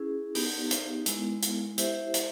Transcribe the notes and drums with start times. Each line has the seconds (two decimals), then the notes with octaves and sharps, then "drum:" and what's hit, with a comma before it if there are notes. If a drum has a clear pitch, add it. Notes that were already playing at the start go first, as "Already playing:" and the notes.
Already playing: C#4 E4 G#4
0.35 B3 D#4 G4, drum: open hi-hat
0.71 drum: hi-hat
1.06 G#3 B3 E4, drum: hi-hat
1.42 drum: hi-hat
1.78 E4 G4 C5 E5, drum: hi-hat
2.14 drum: hi-hat